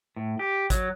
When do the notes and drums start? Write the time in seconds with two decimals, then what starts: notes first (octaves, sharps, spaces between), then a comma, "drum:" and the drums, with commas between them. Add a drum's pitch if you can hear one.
0.16 A2
0.39 G4
0.70 F#3, drum: kick, hi-hat